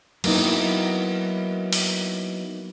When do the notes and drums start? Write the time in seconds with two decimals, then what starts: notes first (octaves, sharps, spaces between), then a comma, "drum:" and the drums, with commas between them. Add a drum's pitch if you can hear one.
0.24 F#3 A#3 B3 D#4 E4, drum: cymbal
1.73 drum: open hi-hat